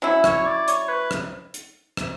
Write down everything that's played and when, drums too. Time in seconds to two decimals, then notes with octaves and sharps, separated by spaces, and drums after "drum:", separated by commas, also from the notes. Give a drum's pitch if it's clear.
0.02 F#3 C#4 E4 E5
0.24 C#5, drum: rim click
0.46 D5
0.68 C#5, drum: hi-hat
0.89 B4
1.11 drum: rim click
1.54 drum: hi-hat
1.97 drum: rim click